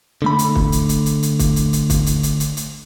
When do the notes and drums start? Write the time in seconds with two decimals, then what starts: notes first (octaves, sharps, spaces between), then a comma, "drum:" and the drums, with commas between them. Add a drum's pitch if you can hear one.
0.22 D3 A3 B5
0.39 drum: hi-hat
0.55 drum: kick
0.72 drum: hi-hat
0.89 drum: hi-hat
1.06 drum: hi-hat
1.23 drum: hi-hat
1.39 drum: kick, hi-hat
1.56 drum: hi-hat
1.73 drum: hi-hat
1.90 drum: kick, hi-hat
2.06 drum: hi-hat
2.23 drum: hi-hat
2.40 drum: hi-hat
2.57 drum: hi-hat